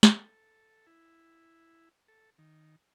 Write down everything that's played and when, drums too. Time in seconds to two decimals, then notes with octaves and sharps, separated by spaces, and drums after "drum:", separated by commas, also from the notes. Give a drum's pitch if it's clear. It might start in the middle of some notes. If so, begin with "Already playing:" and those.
0.03 A4, drum: snare
0.87 E4
2.08 A4
2.38 D#3